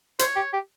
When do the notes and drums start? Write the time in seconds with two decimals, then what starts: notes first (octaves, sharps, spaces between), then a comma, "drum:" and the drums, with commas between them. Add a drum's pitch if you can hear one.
0.19 C5 C#5, drum: hi-hat
0.36 G4
0.53 G4